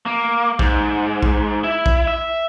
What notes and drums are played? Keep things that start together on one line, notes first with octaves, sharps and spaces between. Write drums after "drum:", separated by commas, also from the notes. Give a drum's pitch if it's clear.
A#3
G#2, drum: kick A#1
drum: kick A#1
E4
drum: kick A#1
E5